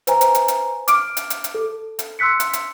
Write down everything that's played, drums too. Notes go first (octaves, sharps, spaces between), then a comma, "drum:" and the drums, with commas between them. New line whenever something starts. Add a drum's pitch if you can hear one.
B4 C5 G#5 A#5, drum: hi-hat
drum: hi-hat
drum: hi-hat
drum: hi-hat
D6 F6 D7, drum: hi-hat
drum: hi-hat
drum: hi-hat
drum: hi-hat
A4
drum: hi-hat
C6 E6 F#6 B6 C#7
drum: hi-hat
drum: hi-hat